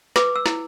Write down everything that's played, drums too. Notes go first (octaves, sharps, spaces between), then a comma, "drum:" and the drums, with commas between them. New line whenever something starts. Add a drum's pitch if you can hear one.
B4 D6, drum: snare
E6
E4, drum: snare